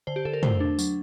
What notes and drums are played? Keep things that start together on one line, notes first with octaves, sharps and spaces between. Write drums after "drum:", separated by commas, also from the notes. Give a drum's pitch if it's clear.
D3 C5
G4
D3 A4
A#4
A3 C5, drum: tom
D4
F#3, drum: tambourine